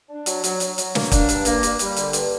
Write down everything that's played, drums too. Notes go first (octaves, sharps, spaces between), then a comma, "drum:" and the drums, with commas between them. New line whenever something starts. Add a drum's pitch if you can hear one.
D4
F#3, drum: hi-hat
F#3, drum: hi-hat
F#3, drum: hi-hat
F#3, drum: hi-hat
A#3, drum: snare
D4, drum: kick, hi-hat
G2, drum: hi-hat
A#3, drum: hi-hat
G3, drum: hi-hat
G3, drum: hi-hat
D3, drum: hi-hat
G2, drum: hi-hat